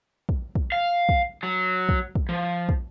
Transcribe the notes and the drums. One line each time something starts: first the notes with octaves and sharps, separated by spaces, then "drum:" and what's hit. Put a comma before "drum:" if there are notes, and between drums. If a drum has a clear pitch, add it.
drum: kick
drum: kick
F5
drum: kick
F#3
drum: kick
drum: kick
F3
drum: kick